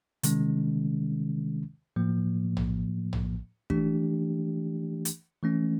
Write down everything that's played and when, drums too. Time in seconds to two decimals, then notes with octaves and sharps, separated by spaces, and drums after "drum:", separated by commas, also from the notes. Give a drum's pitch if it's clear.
0.23 C3 D#3 G#3 C#4, drum: hi-hat
1.96 A2 F3 A#3
2.57 drum: tom
3.13 drum: tom
3.70 E3 A3 D4 G4, drum: kick
5.05 drum: hi-hat
5.43 E3 A3 C#4